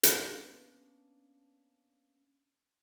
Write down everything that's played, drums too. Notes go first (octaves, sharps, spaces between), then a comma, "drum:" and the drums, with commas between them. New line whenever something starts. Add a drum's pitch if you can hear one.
A#3 B3 C#4 D4 B4, drum: hi-hat